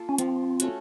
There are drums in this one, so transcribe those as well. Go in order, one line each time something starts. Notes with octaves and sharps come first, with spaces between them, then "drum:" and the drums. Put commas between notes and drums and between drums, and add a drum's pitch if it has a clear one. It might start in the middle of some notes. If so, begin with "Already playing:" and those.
Already playing: A#3 F4 A4
C#4
F3 C4, drum: hi-hat
A3 C#4 F#4, drum: hi-hat